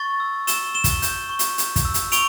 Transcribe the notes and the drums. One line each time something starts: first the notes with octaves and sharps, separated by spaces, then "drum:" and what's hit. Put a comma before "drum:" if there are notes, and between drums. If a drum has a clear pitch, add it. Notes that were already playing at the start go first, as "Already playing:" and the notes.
Already playing: C#6 A6
E6
E6 E7 G7, drum: hi-hat
E6 E7 G7
drum: kick, hi-hat
G6, drum: hi-hat
C#6
drum: hi-hat
G6, drum: hi-hat
drum: kick, hi-hat
E6
drum: hi-hat
C#6 D7 F7, drum: hi-hat